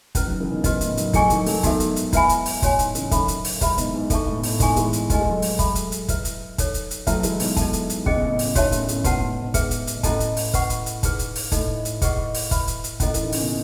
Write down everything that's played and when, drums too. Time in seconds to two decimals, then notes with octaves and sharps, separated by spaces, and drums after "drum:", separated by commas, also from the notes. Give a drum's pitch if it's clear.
0.15 E3 G#3 C#4 E4 B4, drum: kick, hi-hat
0.27 D#3 F#3
0.40 C#3 E3
0.52 B2 D#3
0.64 G#2 F#4 B4 D#5, drum: kick, hi-hat
0.81 A2, drum: hi-hat
0.97 D#3 F#3, drum: hi-hat
1.13 F#3 A3 E4 G#4 D#5 G#5 C#6, drum: kick, hi-hat
1.30 D#3 F#3, drum: hi-hat
1.46 F#3 A3, drum: open hi-hat
1.63 G#2 B2 D#4 F#4 A4 E5, drum: kick, hi-hat
1.80 drum: hi-hat
1.96 drum: hi-hat
2.13 E4 B4 E5 G#5 B5, drum: kick, hi-hat
2.29 drum: hi-hat
2.46 drum: open hi-hat
2.62 A2 F#4 C#5 G#5, drum: kick, hi-hat
2.79 G#2, drum: hi-hat
2.95 C#3 E3, drum: hi-hat
3.11 D#3 F#3 A4 E5 B5, drum: kick, hi-hat
3.28 drum: hi-hat
3.45 drum: open hi-hat
3.61 E3 G#3 E4 B4 E5 B5, drum: kick, hi-hat
3.78 G#2 B2, drum: hi-hat
3.94 G#2
4.10 G#2 A4 E5 A5 C#6, drum: kick, hi-hat
4.27 A2
4.39 B2
4.43 A2, drum: open hi-hat
4.60 G#2 B2 F#4 A4 E5 G#5 C#6, drum: kick, hi-hat
4.76 E3 G#3, drum: hi-hat
4.93 drum: hi-hat
5.10 A3 F#4 B4 D#5 G#5, drum: kick, hi-hat
5.20 G#3
5.30 F#3 A3
5.42 drum: open hi-hat
5.59 A4 E5 B5, drum: kick, hi-hat
5.75 drum: hi-hat
5.92 drum: hi-hat
6.08 E4 B4 E5, drum: kick, hi-hat
6.25 drum: hi-hat
6.58 D#4 A4 C#5, drum: kick, hi-hat
6.74 drum: hi-hat
6.91 drum: hi-hat
7.07 F#3 A3 E4 B4 E5 A5, drum: kick, hi-hat
7.23 E3 G#3, drum: hi-hat
7.40 G#2 B2, drum: open hi-hat
7.57 D#4 A4 E5 A5, drum: kick, hi-hat
7.73 drum: hi-hat
7.90 drum: hi-hat
8.06 C#3 C#4 G#4 D#5, drum: kick
8.16 B2
8.26 A2 C#3
8.39 drum: open hi-hat
8.55 B2 D#3 F#4 C#5 E5 A5, drum: kick, hi-hat
8.72 A2 C#3, drum: hi-hat
8.88 A2 C#3, drum: hi-hat
9.01 C#3
9.04 G#2 B2 F#4 B4 F#5 A5, drum: kick, hi-hat
9.17 A2
9.30 A2
9.42 G#2 B2
9.54 G#4 B4 E5, drum: kick, hi-hat
9.71 drum: hi-hat
9.87 drum: hi-hat
9.97 B2
10.03 A2 C#4 E4 A4 D#5 A5, drum: kick, hi-hat
10.20 drum: hi-hat
10.37 drum: open hi-hat
10.54 B4 F#5 C#6, drum: kick, hi-hat
10.70 drum: hi-hat
10.86 drum: hi-hat
11.03 D#4 G#4 B4, drum: kick, hi-hat
11.19 drum: hi-hat
11.36 drum: open hi-hat
11.52 A2 D#4 A4 D#5, drum: kick, hi-hat
11.85 drum: hi-hat
12.02 G#4 B4 D#5 F#5 C#6, drum: kick, hi-hat
12.34 drum: open hi-hat
12.51 B4 E5 B5, drum: kick, hi-hat
12.67 drum: hi-hat
12.84 drum: hi-hat
13.00 A2 C#4 E4 A4 D#5, drum: kick, hi-hat
13.14 E3, drum: hi-hat
13.23 D#3
13.33 C#3, drum: open hi-hat
13.41 B2